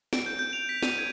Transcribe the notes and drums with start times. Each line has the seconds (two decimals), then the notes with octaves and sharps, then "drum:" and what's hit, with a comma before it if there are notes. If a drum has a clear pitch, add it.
0.13 D7, drum: snare
0.26 G6
0.39 G6
0.53 F7
0.69 B6
0.82 D#7, drum: snare
0.98 G#6